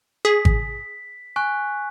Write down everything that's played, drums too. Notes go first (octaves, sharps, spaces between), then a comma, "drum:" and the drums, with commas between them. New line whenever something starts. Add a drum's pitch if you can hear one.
G#4 B6
drum: kick G#1
G#5 C#6 F#6